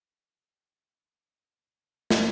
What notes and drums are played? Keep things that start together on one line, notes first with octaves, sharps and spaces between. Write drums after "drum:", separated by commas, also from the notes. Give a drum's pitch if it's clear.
D4 C5 G5
E4
G2 C#4 C#5 D5
E1 B2 A3
drum: snare